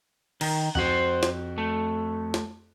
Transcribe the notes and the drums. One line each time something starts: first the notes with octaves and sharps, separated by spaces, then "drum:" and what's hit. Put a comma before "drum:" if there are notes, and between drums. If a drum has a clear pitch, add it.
D#3 A#5, drum: cymbal
F2 F#4 C5 F#5
drum: snare
A3
drum: snare